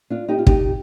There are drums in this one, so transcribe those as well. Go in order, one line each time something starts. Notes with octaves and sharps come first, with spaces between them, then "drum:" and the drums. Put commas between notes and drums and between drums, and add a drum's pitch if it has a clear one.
D4 F4
D#4 G4
F4
D#4 G4, drum: kick